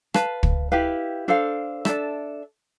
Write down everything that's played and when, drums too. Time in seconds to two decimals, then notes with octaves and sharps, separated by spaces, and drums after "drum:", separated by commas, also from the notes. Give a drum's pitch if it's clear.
0.14 B4 F5 A5, drum: rim click
0.43 drum: kick
0.72 E4 G4 B4 F5
1.28 D4 A4 C5 F5
1.85 D4 A4 E5, drum: rim click